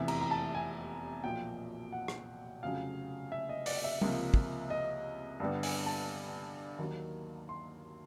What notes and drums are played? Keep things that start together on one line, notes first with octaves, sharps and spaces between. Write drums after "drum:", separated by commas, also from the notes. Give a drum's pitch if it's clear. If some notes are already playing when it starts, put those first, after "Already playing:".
Already playing: F1 E2 C3 E3 E5
A#5, drum: cymbal
A#5
A5
G#5
B1 A#2 F3 G5
F#5
drum: rim click
F1 F2 C#3 F#3 F5
E5
D#5
D5, drum: open hi-hat
E5
C#2 C3 F3 A#3, drum: tom G3
drum: kick
D#5
G2 D3 G3 B3
G#5, drum: open hi-hat
A5
D#2 D#3 F#3 A#3
C6